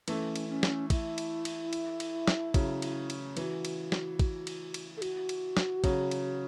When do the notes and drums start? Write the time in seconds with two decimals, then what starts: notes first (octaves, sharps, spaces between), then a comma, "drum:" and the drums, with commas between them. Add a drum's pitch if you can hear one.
0.08 E3 A3 C#4, drum: cymbal
0.36 drum: cymbal
0.49 C#4
0.63 drum: snare
0.90 E4, drum: kick, cymbal
1.18 drum: cymbal
1.45 drum: cymbal
1.73 drum: cymbal
2.00 drum: cymbal
2.28 drum: snare
2.54 C#3 F#3, drum: kick, cymbal
2.82 drum: cymbal
3.10 drum: cymbal
3.37 E3 F#4, drum: cymbal
3.65 drum: cymbal
3.92 drum: snare
4.19 drum: kick, cymbal
4.47 drum: cymbal
4.74 drum: cymbal
4.97 A4
5.02 F#4, drum: cymbal
5.29 drum: cymbal
5.57 drum: snare
5.84 C#3 F#3, drum: kick, cymbal
6.11 drum: cymbal